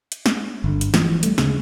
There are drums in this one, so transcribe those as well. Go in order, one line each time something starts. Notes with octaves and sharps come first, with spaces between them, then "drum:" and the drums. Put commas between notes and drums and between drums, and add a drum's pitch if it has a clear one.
drum: hi-hat
drum: snare
G1 D3
drum: hi-hat
E3 F3, drum: snare
G3 A3, drum: hi-hat
D2 C#3 G#3, drum: snare